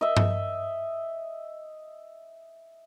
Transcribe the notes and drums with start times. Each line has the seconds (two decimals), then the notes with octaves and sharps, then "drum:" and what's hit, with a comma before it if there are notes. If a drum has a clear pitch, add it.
0.01 D#5 E5
0.17 drum: tom G2